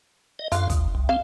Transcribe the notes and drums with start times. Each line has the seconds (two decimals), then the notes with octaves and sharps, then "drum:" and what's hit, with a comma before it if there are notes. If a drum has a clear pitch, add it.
0.39 D#5
0.52 F#2 D3 F4 F5, drum: hi-hat
0.70 D#2, drum: kick, hi-hat
0.95 C2
1.09 C4 F5